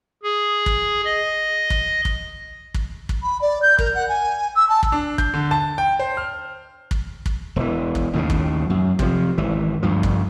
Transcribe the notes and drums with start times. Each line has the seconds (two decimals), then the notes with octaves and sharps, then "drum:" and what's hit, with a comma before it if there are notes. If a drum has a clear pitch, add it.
0.23 G#4
0.66 drum: kick
1.05 D#5
1.70 drum: kick
2.05 drum: kick
2.74 drum: kick
3.09 drum: kick
3.22 B5
3.41 D5
3.62 G6
3.79 A#4, drum: kick
3.94 F#5
4.08 G#5
4.55 E6
4.69 A5
4.83 drum: kick
4.92 D4
5.18 G6, drum: kick
5.34 D3
5.51 A5
5.78 G5
5.99 C5
6.17 F6
6.91 drum: kick
7.26 drum: kick
7.56 E1 E3
7.95 drum: kick
8.13 D#2 A2 C#3
8.30 drum: kick
8.70 F#2
8.99 C3 F3, drum: kick
9.38 G#1 E3
9.83 D2 G2 F3
10.03 drum: kick